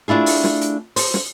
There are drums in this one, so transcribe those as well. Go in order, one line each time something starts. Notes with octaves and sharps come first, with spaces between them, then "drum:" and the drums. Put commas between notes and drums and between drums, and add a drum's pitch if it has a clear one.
A3 D4 E4 F4 G#4
drum: open hi-hat
drum: snare
drum: hi-hat
C5, drum: open hi-hat
drum: snare